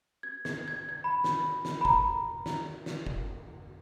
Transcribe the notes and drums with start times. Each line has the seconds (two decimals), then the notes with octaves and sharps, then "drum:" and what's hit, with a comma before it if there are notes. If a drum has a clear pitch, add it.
0.23 G#6
0.45 G#6, drum: snare
0.68 G#6
0.89 G#6
1.04 B5
1.24 drum: snare
1.65 drum: snare
1.81 B5
1.85 A#5, drum: kick
2.46 drum: snare
2.86 drum: snare
3.07 drum: kick